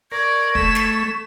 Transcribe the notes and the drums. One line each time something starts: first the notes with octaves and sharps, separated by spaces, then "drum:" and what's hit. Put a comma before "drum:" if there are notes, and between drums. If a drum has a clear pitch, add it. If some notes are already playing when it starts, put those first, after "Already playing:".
A#4 D5 C#6 G#6
A3 B6 E7, drum: kick
drum: snare